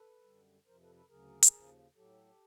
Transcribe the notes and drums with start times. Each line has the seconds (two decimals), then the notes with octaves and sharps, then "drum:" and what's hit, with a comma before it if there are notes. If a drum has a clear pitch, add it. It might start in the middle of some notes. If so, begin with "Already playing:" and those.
Already playing: A4 B4
0.23 F#2 D3 G3
0.66 F2 C3 F3 A#4 C5
0.81 A4 B4
0.95 A4 B4
1.09 D2 C#3 F#3 G#4 A#4
1.43 drum: hi-hat
1.53 D#2 C#3 F3
1.96 A2 F#3 G4 A4